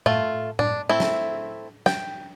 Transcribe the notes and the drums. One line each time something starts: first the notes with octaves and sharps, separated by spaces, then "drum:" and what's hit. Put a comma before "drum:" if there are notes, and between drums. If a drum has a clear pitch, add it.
A3 F4, drum: tom A2
D4, drum: tom A2
A3 C4 E4
drum: snare
G5, drum: snare